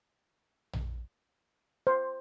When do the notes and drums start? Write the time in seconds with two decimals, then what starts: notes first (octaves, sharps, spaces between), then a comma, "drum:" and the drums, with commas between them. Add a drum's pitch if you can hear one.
0.73 drum: tom A#1
1.87 C5